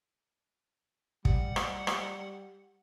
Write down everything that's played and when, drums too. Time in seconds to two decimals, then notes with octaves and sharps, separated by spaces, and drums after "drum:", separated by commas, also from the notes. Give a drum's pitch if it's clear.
1.25 G3 F#5, drum: kick
1.56 drum: rim click
1.87 drum: rim click